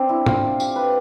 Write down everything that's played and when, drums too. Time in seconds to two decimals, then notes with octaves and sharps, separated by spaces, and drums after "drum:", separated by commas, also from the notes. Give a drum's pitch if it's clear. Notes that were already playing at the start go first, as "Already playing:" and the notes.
Already playing: C4 D4
0.09 E4
0.26 F4, drum: tom
0.60 G4, drum: tambourine
0.76 B4